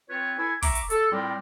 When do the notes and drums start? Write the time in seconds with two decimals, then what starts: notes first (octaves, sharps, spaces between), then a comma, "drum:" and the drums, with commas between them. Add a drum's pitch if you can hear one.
0.10 C4 F4 B4 C#5
0.38 E4 A4 G#5
0.62 E5 A#5 C#6 D6, drum: kick, open hi-hat
0.75 drum: hi-hat
0.90 A4, drum: hi-hat
1.12 A2 G3 C4 F4 A#4 D5